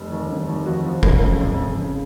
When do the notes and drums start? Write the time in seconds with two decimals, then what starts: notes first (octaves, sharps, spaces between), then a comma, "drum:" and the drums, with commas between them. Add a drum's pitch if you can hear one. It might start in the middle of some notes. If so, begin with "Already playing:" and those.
Already playing: F1
0.11 D#2
0.30 F1
0.48 D#2
0.66 F2 F#4
0.85 F3
1.03 F2, drum: kick
1.21 C#3
1.40 F2
1.58 C#3
1.76 C#3